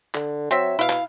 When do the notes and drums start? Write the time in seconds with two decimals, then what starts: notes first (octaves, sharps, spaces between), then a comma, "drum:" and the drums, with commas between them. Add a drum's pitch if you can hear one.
0.15 D3, drum: clap
0.51 F#3 C4 E5
0.79 B2 E4 F5
0.90 drum: clap